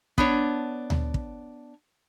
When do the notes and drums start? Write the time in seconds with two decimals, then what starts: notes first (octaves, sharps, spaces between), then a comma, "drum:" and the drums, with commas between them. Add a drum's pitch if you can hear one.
0.18 B3 D4 C#5, drum: kick
0.90 drum: tom D2
1.14 drum: kick